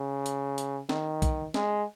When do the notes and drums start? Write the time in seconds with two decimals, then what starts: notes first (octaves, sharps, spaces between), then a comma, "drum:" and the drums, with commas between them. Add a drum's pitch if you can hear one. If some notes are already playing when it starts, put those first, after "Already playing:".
Already playing: C#3
0.26 drum: hi-hat
0.58 drum: hi-hat
0.89 D#3, drum: snare
1.22 drum: kick, hi-hat
1.54 G#3, drum: snare